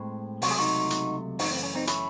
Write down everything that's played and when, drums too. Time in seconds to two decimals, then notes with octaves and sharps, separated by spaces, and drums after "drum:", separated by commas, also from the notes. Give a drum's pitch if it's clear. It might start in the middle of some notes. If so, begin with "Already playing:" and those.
Already playing: A2 G#3 C4
0.42 C#2 C3 F#3 A3 F#4, drum: open hi-hat
0.51 G#4
0.58 D#4 F#4
0.90 drum: hi-hat
1.39 F#2 C#3 E3 A3 C4 D#4 F#4, drum: open hi-hat
1.51 C4
1.63 C#4
1.75 C4 D#4
1.87 C#4 E4, drum: hi-hat